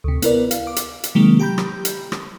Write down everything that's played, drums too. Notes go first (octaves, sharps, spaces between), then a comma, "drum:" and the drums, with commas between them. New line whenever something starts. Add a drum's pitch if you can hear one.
D2 C3
B3 E4 A#4 B4 D5, drum: hi-hat
F5, drum: hi-hat
D6
drum: hi-hat
drum: hi-hat
C3 D#3 F#3 G#3 A#3
G4 G5 A#5 B5 G6
drum: rim click
drum: hi-hat
drum: rim click